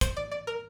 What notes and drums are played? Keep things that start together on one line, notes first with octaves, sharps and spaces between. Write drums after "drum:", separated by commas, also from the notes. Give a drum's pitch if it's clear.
C5, drum: kick, hi-hat
D5
D5
A#4